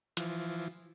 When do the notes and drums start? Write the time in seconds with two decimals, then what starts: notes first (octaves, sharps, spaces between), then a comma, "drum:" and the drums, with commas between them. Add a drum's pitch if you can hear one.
0.17 E3 F3, drum: hi-hat